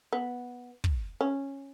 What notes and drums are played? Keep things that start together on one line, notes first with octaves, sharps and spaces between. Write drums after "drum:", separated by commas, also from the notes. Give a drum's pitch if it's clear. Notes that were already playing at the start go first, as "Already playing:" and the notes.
B3
drum: kick
C#4